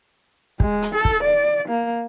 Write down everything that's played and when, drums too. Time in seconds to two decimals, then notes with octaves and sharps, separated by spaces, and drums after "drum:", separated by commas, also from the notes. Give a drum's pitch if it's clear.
0.60 G#3, drum: kick
0.82 drum: hi-hat
0.95 A4
1.05 drum: kick
1.23 D5
1.68 A#3